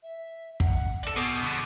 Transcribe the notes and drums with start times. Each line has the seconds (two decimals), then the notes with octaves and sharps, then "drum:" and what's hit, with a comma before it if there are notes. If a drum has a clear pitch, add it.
0.03 E5
0.60 F#5, drum: kick
1.03 A4 D5
1.16 B2 G#4 C#6 D6 G6
1.43 B2 D3